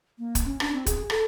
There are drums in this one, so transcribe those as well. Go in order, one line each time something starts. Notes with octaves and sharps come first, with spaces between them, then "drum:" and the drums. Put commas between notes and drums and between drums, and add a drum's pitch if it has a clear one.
A#3
drum: kick, hi-hat
C#4
D4, drum: rim click
C4
G#4, drum: kick, hi-hat
A4, drum: rim click